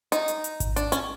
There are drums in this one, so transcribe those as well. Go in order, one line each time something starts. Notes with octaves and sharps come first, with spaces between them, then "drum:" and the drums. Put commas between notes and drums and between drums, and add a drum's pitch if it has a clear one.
D#4, drum: hi-hat
drum: hi-hat
drum: hi-hat
drum: kick G#1, hi-hat
D4, drum: hi-hat
C#4, drum: hi-hat